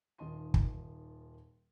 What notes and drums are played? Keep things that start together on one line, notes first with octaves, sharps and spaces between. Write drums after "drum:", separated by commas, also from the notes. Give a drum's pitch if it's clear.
D#1 D#3 D#5 A5 C6 D#7
drum: kick